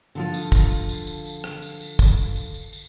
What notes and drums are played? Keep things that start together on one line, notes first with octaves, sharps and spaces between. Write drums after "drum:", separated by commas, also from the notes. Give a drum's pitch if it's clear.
D3 F3 F4
drum: tambourine
drum: kick, tambourine
drum: tambourine
drum: tambourine
drum: tambourine
drum: tambourine
drum: rim click
drum: tambourine
drum: tambourine
drum: kick, tambourine
drum: tambourine
drum: tambourine
drum: tambourine
drum: tambourine